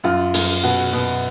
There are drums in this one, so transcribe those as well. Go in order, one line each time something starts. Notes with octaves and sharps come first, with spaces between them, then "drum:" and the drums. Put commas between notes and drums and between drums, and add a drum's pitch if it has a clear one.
F#2 F4
F#2, drum: open hi-hat
B2 F#4
B2